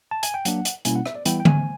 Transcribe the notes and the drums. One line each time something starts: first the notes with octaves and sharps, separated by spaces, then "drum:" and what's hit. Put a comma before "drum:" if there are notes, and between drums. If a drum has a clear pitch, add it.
A5
G#5, drum: hi-hat
G5
F#3 A#3 D4 F#5, drum: hi-hat
drum: hi-hat
B2 G3 A#3 C#4 E4 G#5, drum: hi-hat
F#5
E5, drum: rim click
D5
E3 G3 B3 E4 G5, drum: hi-hat
G5
G#5, drum: tom D3